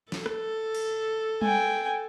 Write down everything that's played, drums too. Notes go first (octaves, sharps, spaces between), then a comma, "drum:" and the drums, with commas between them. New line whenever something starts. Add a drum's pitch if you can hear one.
A4, drum: snare
drum: rim click
drum: cymbal
G5 G#5, drum: tom G3